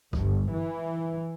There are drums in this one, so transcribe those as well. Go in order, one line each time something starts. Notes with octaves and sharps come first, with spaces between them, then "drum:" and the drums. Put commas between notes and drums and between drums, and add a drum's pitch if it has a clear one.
G1, drum: kick C#2
E3